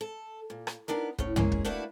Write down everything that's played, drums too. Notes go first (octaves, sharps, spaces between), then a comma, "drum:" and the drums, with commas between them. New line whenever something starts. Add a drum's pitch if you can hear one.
A4
A#2
drum: rim click
B3 D4 D#4 A#4
A2 C#4, drum: kick
G#3 A#3 C#4 G#4, drum: tom
drum: kick
A3 A#3 D4 E4 F#4 B4